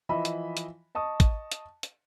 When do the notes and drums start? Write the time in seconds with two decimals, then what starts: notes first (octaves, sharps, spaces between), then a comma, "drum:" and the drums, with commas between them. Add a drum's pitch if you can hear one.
0.09 E3 F3 D#5 E5 B5
0.25 drum: hi-hat
0.57 drum: hi-hat
0.95 D#5 A5 C#6 D#6
1.20 drum: kick, hi-hat
1.52 drum: hi-hat
1.83 drum: hi-hat